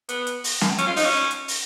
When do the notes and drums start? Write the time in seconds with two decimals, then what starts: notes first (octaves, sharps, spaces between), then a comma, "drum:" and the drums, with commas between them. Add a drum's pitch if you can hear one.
0.09 B3, drum: hi-hat
0.27 drum: hi-hat
0.44 drum: open hi-hat
0.61 drum: snare
0.78 C#4, drum: hi-hat
0.87 F4
0.96 D#4, drum: open hi-hat
1.04 C#4
1.31 drum: hi-hat
1.48 drum: open hi-hat